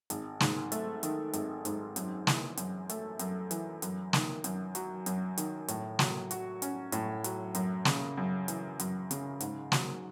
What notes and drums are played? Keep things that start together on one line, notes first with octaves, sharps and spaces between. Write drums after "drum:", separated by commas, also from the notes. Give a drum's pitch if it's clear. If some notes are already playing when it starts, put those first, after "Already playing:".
G#1, drum: hi-hat
G#2, drum: snare
A3, drum: hi-hat
D#3, drum: hi-hat
G#1, drum: hi-hat
G#2, drum: hi-hat
F#2, drum: hi-hat
E3, drum: snare
F#2, drum: hi-hat
A3, drum: hi-hat
F#2, drum: hi-hat
E3, drum: hi-hat
F#2, drum: hi-hat
D#3, drum: snare
F#2, drum: hi-hat
F#3, drum: hi-hat
F#2, drum: hi-hat
D#3, drum: hi-hat
A2, drum: hi-hat
F#3, drum: snare
F#4, drum: hi-hat
C#4, drum: hi-hat
A2, drum: hi-hat
F#3, drum: hi-hat
F#2, drum: hi-hat
C#3, drum: snare
F#2
E3, drum: hi-hat
F#2, drum: hi-hat
C#3, drum: hi-hat
G#2, drum: hi-hat
F#3, drum: snare